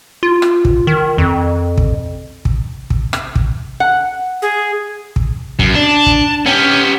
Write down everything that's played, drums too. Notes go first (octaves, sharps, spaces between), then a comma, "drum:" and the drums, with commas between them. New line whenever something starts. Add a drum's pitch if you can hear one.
F4
drum: rim click
drum: kick
D#3
F2
drum: kick
drum: kick
drum: kick
drum: rim click
drum: kick
F#5
G#4
drum: kick
F#2, drum: kick
D4 A5
drum: kick
B3 C#4 G4